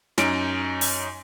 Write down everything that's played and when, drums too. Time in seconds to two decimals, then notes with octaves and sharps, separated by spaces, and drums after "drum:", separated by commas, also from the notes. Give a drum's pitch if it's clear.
0.18 F#2 C#4 D#4 D7, drum: snare
0.81 drum: open hi-hat